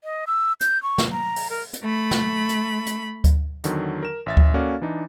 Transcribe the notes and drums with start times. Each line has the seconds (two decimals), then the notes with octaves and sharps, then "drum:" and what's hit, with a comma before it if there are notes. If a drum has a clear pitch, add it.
0.04 D#5
0.27 E6
0.61 G6, drum: hi-hat
0.83 C#6
0.98 drum: snare
1.12 A#5
1.36 drum: open hi-hat
1.50 A#4
1.73 drum: hi-hat
1.83 A3 B5
2.11 drum: snare
2.49 drum: hi-hat
2.86 drum: hi-hat
3.24 drum: kick D2, hi-hat
3.64 E2 D3 D#3 F#3, drum: hi-hat
4.03 A#4 E7
4.26 A1 E5 A6
4.37 drum: kick D2
4.54 A#3 C#4 F#4 A4 D5 F5
4.81 E3 D4 D#4